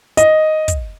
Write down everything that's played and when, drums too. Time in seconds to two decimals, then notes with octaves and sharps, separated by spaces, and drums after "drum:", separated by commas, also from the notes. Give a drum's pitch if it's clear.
0.17 D#5, drum: hi-hat
0.68 drum: kick, hi-hat